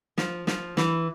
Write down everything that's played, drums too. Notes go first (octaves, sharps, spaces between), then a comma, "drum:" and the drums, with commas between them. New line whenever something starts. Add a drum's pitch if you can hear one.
F3, drum: snare
F3, drum: snare
E3, drum: snare